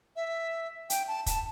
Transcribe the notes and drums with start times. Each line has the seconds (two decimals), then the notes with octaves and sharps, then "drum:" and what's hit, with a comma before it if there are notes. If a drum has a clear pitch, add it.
0.16 E5
0.90 G5, drum: hi-hat
1.08 A5
1.26 A5, drum: kick, hi-hat